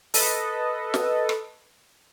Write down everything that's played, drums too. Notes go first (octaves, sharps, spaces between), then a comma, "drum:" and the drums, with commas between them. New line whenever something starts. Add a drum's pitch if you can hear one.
A4 B4 D#5, drum: open hi-hat
drum: snare
drum: rim click